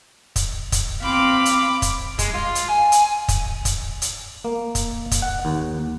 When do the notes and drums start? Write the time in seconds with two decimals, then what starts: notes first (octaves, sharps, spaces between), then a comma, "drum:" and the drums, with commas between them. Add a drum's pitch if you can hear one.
0.36 drum: kick, hi-hat
0.72 drum: kick, hi-hat
1.02 C4 F5 B5 D6
1.45 drum: hi-hat
1.82 drum: kick, hi-hat
2.19 G#3, drum: kick, hi-hat
2.34 F4
2.55 drum: hi-hat
2.69 G#5
2.92 drum: hi-hat
3.28 drum: kick, hi-hat
3.65 drum: kick, hi-hat
4.02 drum: hi-hat
4.44 A#3
4.75 drum: kick, hi-hat
5.11 drum: kick, hi-hat
5.22 F#5
5.45 D#2